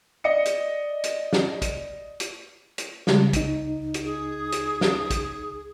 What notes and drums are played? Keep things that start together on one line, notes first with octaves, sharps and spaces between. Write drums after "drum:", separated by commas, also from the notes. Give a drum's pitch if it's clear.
D5 D#5 C#7
drum: hi-hat
drum: hi-hat
drum: snare
drum: kick, hi-hat
drum: hi-hat
drum: hi-hat
C#3 G3 G#3, drum: snare
C#2 D#4, drum: kick, hi-hat
drum: hi-hat
G#4
drum: hi-hat
drum: snare
drum: kick, hi-hat